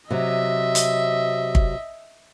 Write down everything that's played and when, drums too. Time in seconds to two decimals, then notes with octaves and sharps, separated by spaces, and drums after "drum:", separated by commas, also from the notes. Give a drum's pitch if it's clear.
0.11 C3 F#3 D#5 E5
0.75 drum: hi-hat
1.55 drum: kick